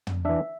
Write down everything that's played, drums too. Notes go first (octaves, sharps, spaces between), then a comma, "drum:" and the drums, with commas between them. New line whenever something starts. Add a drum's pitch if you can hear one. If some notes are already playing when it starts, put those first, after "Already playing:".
drum: tom
E3 D4 E5